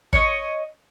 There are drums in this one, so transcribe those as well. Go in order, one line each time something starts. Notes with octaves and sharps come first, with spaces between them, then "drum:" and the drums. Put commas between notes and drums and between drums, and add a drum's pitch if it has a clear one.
C#5 D#5, drum: kick